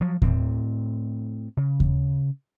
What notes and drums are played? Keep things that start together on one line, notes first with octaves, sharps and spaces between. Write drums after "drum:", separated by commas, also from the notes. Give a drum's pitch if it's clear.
F3 F#3
A2 C4, drum: kick D#2
C#3
drum: kick D#2